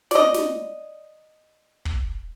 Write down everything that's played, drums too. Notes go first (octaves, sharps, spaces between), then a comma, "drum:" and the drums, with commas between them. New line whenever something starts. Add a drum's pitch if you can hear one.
D5 D#5, drum: snare
drum: snare
drum: kick